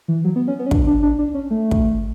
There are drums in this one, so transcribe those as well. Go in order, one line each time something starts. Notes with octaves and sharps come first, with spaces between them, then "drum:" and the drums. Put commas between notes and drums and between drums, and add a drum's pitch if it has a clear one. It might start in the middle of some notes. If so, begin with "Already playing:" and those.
E3
F#3
B3
C#4
B3
C#4
D4, drum: kick
D4
D4
D4
C#4
A3
drum: kick